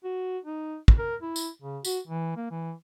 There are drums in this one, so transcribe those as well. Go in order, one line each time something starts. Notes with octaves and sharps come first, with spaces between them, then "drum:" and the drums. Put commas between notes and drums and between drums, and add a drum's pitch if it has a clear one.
F#4
D#4
drum: kick
A#4
E4
drum: tambourine
C#3
F#4, drum: tambourine
E3
A#3
E3